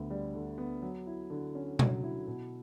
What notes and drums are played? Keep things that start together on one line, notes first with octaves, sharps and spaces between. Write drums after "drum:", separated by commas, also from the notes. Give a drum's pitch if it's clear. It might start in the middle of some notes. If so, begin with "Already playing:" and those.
Already playing: D2 D3 B3
G3
D3
B3
F#3
E4
D3
C#4
F#3, drum: tom B2
E4
B2